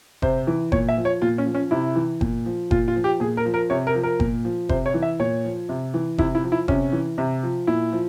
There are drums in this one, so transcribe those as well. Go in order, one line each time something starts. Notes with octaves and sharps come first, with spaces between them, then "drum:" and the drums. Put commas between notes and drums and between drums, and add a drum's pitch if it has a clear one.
C3 C5, drum: kick F#1
E3
A#2 C#5, drum: kick F#1
E5
F3
C#5
A#2 F4
C#4
F3
C#4
C3 E4
E3
A#2, drum: kick F#1
F3
A#2 F4, drum: kick F#1
F4
F3
G4
A#2 G#4
A#4
F3
A#4
C3 C#5
A#4
F3
A#4
A#2, drum: kick F#1
F3
C3 C5, drum: kick F#1
C#5
E3
E5
A#2 C#5
F3
C3
E3
C3 E4, drum: kick F#1
E4
F3
E4
C3 C#4, drum: kick F#1
E3
C3
F3
A#2 E4
F3